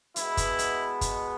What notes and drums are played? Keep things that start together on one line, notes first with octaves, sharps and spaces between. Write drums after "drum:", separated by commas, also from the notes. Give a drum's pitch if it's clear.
B2 G#3 B3 E4, drum: hi-hat
drum: kick, hi-hat
drum: hi-hat
drum: kick, hi-hat